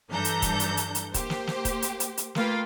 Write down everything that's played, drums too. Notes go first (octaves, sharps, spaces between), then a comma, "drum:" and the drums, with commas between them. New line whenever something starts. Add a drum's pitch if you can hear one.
G2 E3 D4 A4 A#5 G6
drum: hi-hat
drum: kick D#1, hi-hat
drum: hi-hat
drum: hi-hat
drum: hi-hat
A#3 G4 C5, drum: kick D#1, hi-hat
drum: snare
drum: snare
drum: kick D#1, hi-hat
drum: hi-hat
drum: hi-hat
drum: hi-hat
A3 A#3 F4 B4 F5 G5, drum: snare